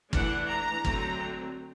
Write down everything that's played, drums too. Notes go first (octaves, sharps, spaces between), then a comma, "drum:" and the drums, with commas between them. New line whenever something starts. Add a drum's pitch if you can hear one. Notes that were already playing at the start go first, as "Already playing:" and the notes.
E3 A3 D4 F#5, drum: kick
A#5
D3 F#3 A3 C4, drum: kick